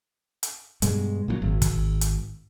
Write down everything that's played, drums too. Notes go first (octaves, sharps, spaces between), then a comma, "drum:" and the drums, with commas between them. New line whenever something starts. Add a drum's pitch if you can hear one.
drum: hi-hat
G2 B2 G#3, drum: hi-hat
A#2 E3 F#3
G#1
drum: kick, hi-hat
drum: hi-hat